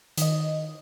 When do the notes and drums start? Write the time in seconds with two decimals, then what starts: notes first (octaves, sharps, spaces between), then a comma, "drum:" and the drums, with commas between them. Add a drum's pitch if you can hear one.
0.18 D#3 D#5, drum: hi-hat